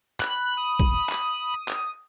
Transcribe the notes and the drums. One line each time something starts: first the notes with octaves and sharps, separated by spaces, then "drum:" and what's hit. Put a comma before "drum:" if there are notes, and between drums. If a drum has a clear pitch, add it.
B5 F#6, drum: clap
D#6
drum: kick
drum: clap
drum: clap